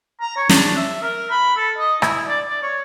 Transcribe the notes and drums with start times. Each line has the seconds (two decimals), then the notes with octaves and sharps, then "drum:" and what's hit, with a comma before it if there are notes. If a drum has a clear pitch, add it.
0.21 A#5
0.37 C#5
0.49 D4, drum: snare
0.77 E5
1.03 A#4
1.31 B5
1.56 A4
1.78 D#5
2.02 E4, drum: rim click
2.28 D5
2.48 D5
2.63 C#5